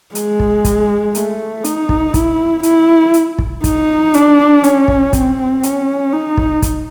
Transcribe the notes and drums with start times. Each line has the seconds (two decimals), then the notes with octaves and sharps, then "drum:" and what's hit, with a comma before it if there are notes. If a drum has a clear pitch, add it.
0.15 G#3, drum: hi-hat
0.40 drum: kick
0.65 drum: kick, hi-hat
1.15 A3, drum: hi-hat
1.64 D#4, drum: hi-hat
1.89 drum: kick
2.14 E4, drum: kick, hi-hat
2.63 E4, drum: hi-hat
3.14 drum: hi-hat
3.39 drum: kick
3.64 D#4, drum: kick, hi-hat
4.14 D4, drum: hi-hat
4.64 C#4, drum: hi-hat
4.88 drum: kick
5.13 C4, drum: kick, hi-hat
5.63 C#4, drum: hi-hat
6.13 D#4
6.37 drum: kick
6.62 drum: kick, hi-hat